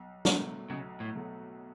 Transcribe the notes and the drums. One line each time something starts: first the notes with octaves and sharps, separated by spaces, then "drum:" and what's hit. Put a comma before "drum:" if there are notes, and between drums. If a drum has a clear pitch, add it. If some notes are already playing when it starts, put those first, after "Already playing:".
Already playing: B1
B2 F#3 A3, drum: snare
B1 C#3
A2
B2 F#3 A3